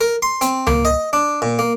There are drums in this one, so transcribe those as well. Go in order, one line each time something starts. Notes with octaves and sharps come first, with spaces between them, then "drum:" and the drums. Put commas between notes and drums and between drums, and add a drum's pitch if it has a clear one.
A#4
C6
C4, drum: hi-hat
A#3, drum: tom C#2
D#5
D4
A#2
A#3